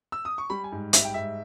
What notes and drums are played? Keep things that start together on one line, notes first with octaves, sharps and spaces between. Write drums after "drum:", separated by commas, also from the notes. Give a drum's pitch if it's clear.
E6
D#6
C#6
G3 B5
G#5
G#2
G3 E5, drum: hi-hat
G5
G#2 E5